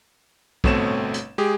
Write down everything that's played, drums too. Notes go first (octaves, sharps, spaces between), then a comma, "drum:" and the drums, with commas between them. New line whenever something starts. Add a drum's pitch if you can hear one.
G1 B2 A3 C4 C#5 E7, drum: kick
drum: hi-hat
G#3 G4 G#4